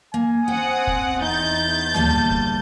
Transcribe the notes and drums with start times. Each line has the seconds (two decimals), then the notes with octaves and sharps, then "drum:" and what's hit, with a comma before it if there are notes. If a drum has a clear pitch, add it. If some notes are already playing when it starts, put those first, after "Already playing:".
0.14 A#3 G#5
0.48 C4 F#5 G5 D#6
0.87 drum: kick
1.22 E2 D#4 G6 A6
1.95 D3 G3 A#3 A5, drum: tom D2
2.30 drum: kick